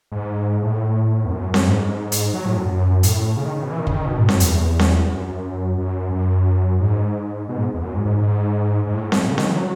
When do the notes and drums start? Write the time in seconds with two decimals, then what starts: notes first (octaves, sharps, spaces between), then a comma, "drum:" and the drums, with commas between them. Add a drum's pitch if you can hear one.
0.12 G#2
0.62 A2
1.25 E2
1.31 F#2
1.54 F#2, drum: snare C4
1.66 G#2
2.12 drum: hi-hat
2.34 F#3
2.45 A2
2.57 F#2
2.68 F#2
3.03 A2, drum: hi-hat
3.37 C#3
3.45 D#3
3.55 C#3
3.63 B2
3.71 E3
3.79 D#3
3.87 C#3, drum: kick
3.93 D#3
4.06 B2
4.17 G#2
4.29 F#2, drum: snare C4
4.40 E2, drum: hi-hat
4.79 drum: snare C4
5.09 F#2
5.78 F#2
6.12 F#2
6.80 G#2
7.49 B2
7.58 G#2
7.74 E2
7.83 F#2
7.95 G#2
8.05 G#2
8.18 G#2
8.87 G#2
8.94 A2
9.04 G#2
9.12 B2, drum: snare C4
9.21 A2
9.29 C#3
9.38 D#3, drum: snare C4
9.47 E3
9.55 F#3